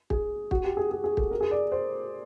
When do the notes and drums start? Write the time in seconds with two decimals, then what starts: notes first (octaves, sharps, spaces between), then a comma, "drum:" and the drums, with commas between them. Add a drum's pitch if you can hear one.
0.10 G#4, drum: kick
0.51 F#4, drum: kick
0.64 G4
0.77 G#4
0.91 G#4
1.04 G#4
1.17 A4, drum: kick
1.31 A#4
1.41 G#4
1.51 D5
1.72 C5